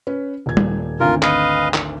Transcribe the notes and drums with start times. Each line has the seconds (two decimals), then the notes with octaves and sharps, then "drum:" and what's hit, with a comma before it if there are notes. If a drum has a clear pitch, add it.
0.07 C#4 B4
0.46 D#1 G#6
0.57 drum: tom G3
1.00 G#1 D2 F4 A#4
1.22 B4 D#5 F5, drum: clap
1.74 drum: clap